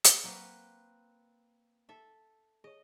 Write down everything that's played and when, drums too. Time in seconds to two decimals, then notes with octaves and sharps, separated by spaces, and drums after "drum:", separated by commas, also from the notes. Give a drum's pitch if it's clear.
0.04 drum: hi-hat
0.24 F#3 A#3 C4 B4 F#5 C#6
1.89 A4 E5
2.64 G#4 C#5 D#5